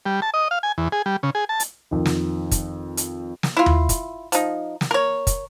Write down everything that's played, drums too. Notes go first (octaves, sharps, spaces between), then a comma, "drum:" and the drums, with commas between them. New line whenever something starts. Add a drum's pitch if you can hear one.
G3
A5
D#5
F5
G#5
E2
G#4
G3
C#3
G#4
A5
drum: hi-hat
F2 D#3
drum: snare
drum: kick, hi-hat
drum: hi-hat
drum: snare
E4 F4
drum: tom D#2
drum: kick, hi-hat
F3 D#4, drum: hi-hat
drum: snare
A#4 C#5
drum: kick, hi-hat